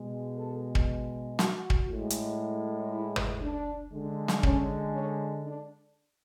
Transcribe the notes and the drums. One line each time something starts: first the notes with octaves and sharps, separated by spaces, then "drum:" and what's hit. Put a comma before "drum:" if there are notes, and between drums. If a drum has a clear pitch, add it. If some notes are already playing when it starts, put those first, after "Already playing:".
Already playing: B2 G#3
A4
drum: kick
F#4, drum: snare
drum: kick
A2 G#3
drum: hi-hat
E4
drum: tom
D4
D3 G#3
drum: snare
C#4, drum: kick
C#4
D4